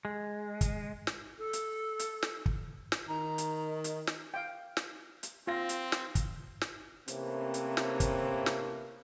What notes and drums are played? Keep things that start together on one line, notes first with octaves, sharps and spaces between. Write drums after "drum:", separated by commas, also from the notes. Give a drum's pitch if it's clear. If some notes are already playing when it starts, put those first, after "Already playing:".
G#3
drum: kick, hi-hat
drum: snare
A4
drum: hi-hat
drum: hi-hat
drum: snare
drum: kick
drum: snare
D#3 A#5
drum: hi-hat
drum: hi-hat
drum: snare
F5 G5
drum: snare
drum: hi-hat
C4 F4 F5 A#6
drum: hi-hat
drum: snare
drum: kick, hi-hat
drum: snare
C3 E3 A3 A#3 C4 C#4, drum: hi-hat
drum: hi-hat
drum: snare
drum: kick, hi-hat
drum: snare